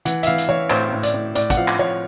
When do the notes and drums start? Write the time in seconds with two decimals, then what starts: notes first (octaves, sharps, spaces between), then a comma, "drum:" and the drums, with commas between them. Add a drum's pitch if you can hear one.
0.05 E3 F#5, drum: hi-hat
0.23 E5, drum: hi-hat
0.27 E3 F5
0.38 drum: hi-hat
0.48 E3 C#5
0.70 A2 C5, drum: clap
0.93 A2
1.03 D5, drum: hi-hat
1.14 A2
1.35 A2 D5, drum: hi-hat
1.50 F#5, drum: kick, hi-hat
1.57 F3 F5
1.68 drum: clap
1.79 F3 C#5